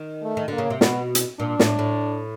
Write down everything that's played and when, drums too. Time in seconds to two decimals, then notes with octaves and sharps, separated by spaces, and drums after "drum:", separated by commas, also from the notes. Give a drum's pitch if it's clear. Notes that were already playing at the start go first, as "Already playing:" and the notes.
Already playing: D#3
0.23 A3
0.37 D#3
0.48 D3 A#3
0.58 C#3
0.70 C3
0.81 B2 B3, drum: snare
1.15 drum: hi-hat
1.39 A#2 D4
1.60 A2, drum: snare
1.79 A2